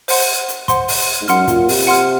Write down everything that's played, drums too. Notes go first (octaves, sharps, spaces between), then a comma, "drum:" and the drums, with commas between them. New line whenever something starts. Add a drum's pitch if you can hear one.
C5 F#5 C6, drum: open hi-hat
drum: hi-hat
C5 F#5 C6, drum: kick, hi-hat
drum: open hi-hat
G#2
F#2 F#5 C6 F6, drum: hi-hat
A#2, drum: kick, hi-hat
C3, drum: open hi-hat
F#5 C6 F6